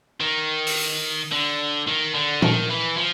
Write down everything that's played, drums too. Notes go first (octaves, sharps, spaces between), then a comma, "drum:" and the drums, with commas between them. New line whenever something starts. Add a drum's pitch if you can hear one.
D#3
drum: open hi-hat
D3
D#3
D3
D#3, drum: tom A#2
E3
F3